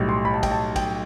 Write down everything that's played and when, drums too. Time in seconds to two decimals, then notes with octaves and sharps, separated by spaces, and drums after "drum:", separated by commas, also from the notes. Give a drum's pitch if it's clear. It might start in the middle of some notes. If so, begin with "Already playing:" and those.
Already playing: B1 A2 G3
0.09 C6
0.25 B5
0.34 A5
0.43 G5, drum: kick, cymbal
0.51 A5
0.76 G5, drum: kick, cymbal